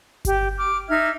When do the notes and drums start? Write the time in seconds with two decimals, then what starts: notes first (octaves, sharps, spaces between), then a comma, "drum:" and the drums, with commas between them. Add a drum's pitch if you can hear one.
0.25 G4, drum: kick G1, hi-hat
0.57 D6 F6
0.89 D#4 E5 F6 G#6